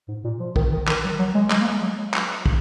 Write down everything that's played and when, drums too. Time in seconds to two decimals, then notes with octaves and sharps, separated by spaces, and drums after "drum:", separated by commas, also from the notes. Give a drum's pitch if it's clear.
0.08 G#2
0.24 A#2
0.40 F3
0.56 D#3, drum: kick
0.72 D#3
0.88 D#3, drum: clap
1.04 F#3
1.19 F#3
1.35 G#3
1.50 G#3, drum: clap
1.61 A#3
1.66 G#3
1.82 F#3
2.14 drum: clap
2.46 drum: kick